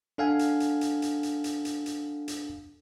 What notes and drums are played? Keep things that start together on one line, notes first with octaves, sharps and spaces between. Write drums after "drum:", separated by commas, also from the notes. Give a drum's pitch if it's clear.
D4 A4 F5 F#5 G#5
drum: hi-hat
drum: hi-hat
drum: hi-hat
drum: hi-hat
drum: hi-hat
drum: hi-hat
drum: hi-hat
drum: hi-hat
drum: hi-hat